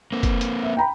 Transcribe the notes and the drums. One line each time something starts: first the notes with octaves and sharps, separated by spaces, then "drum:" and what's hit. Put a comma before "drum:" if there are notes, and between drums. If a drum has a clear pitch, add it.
A#3 C4
drum: kick, hi-hat
drum: hi-hat
E5
G5 A#5 B5